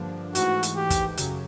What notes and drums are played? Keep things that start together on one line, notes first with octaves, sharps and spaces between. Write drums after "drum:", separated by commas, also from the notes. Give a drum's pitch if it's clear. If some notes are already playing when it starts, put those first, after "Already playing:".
Already playing: G2 D3 F3 A#3 D4
G#2 E3 A3 F#4, drum: hi-hat
drum: hi-hat
G4
drum: kick, hi-hat
F#2 C#3 F#3, drum: hi-hat